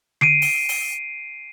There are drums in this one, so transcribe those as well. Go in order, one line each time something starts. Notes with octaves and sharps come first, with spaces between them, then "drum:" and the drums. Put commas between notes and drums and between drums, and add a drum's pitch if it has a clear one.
C7 D7 D#7, drum: tom D3
drum: open hi-hat
drum: open hi-hat